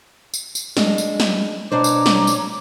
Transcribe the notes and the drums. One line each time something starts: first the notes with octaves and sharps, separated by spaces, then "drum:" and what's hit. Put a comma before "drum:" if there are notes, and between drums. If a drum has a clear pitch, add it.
drum: tambourine
drum: tambourine
G#3 D4, drum: snare
drum: tambourine
drum: snare
B2 D4 C5 C#5 A#5 D6
drum: tambourine
drum: snare
drum: tambourine